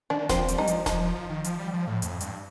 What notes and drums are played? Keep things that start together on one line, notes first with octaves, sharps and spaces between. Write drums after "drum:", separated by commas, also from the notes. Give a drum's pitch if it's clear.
D#3 D4
F3 C4, drum: snare E1
G3, drum: hi-hat
G3 D#4
F3, drum: hi-hat
F3 D#4, drum: snare E1
F3
F3
D#3
F3, drum: hi-hat
G3
F3
A2
F2, drum: hi-hat
G2, drum: hi-hat